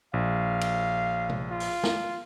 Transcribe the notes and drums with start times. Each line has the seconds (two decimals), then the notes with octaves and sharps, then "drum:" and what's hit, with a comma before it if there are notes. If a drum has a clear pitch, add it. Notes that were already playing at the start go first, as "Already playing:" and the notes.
0.14 A#1 F5
0.61 drum: cymbal
1.29 drum: tom
1.50 F4
1.60 drum: open hi-hat
1.84 drum: snare